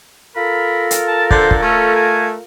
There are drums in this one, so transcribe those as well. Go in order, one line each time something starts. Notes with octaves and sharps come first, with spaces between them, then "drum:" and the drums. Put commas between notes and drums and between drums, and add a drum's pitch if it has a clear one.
F4 A4 A#4 B5
drum: hi-hat
A5
D3 C5, drum: kick
drum: kick
A3 C#4
G#5